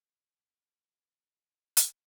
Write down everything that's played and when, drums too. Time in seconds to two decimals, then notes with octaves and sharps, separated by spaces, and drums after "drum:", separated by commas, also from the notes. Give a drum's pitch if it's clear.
0.10 D4 A5
1.77 drum: hi-hat